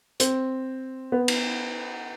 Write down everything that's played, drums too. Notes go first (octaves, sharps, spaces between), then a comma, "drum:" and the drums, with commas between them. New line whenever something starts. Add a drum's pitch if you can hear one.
C4, drum: hi-hat
B3
drum: cymbal